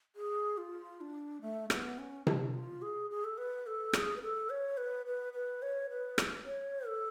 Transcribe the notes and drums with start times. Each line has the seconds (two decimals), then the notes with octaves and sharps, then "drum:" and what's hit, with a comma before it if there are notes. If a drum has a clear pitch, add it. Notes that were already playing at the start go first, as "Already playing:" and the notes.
0.16 G#4
0.58 F4
1.01 D4
1.41 A3
1.70 B3, drum: rim click
1.99 C#4
2.27 D4, drum: tom C3
2.54 F4
2.82 G#4
3.11 G#4
3.24 A4
3.38 B4
3.67 A4
3.93 G#4, drum: rim click
4.16 B4
4.22 A4
4.50 C#5
4.77 B4
5.06 B4
5.33 B4
5.62 C#5
5.90 B4
6.18 drum: rim click
6.45 C#5
6.87 A4